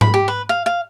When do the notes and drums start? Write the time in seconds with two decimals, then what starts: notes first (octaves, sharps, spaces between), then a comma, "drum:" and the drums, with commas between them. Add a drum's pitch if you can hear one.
0.01 B5, drum: tom G#2
0.14 G4
0.28 B4
0.49 F5
0.66 F5